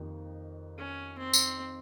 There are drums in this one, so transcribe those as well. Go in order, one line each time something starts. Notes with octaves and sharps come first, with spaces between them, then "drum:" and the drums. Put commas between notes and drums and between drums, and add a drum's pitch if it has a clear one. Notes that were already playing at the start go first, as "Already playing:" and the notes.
Already playing: F2 D#3 A#3 D#4 G4
C#4
C4
drum: tambourine